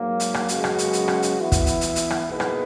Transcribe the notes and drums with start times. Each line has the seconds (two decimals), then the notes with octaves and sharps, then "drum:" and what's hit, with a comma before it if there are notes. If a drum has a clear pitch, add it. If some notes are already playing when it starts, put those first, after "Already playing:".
Already playing: G#2 F#3 A#3
0.20 drum: hi-hat
0.34 drum: rim click
0.48 F#2 C#3 G#3 B3 F#4, drum: hi-hat
0.64 drum: rim click
0.78 drum: hi-hat
0.93 drum: hi-hat
1.08 drum: rim click
1.22 drum: hi-hat
1.37 E3 B3 E4
1.52 drum: kick, hi-hat
1.66 drum: hi-hat
1.81 drum: hi-hat
1.96 drum: hi-hat
2.10 drum: rim click
2.25 B2 A#3 D#4 G#4 B4
2.40 drum: rim click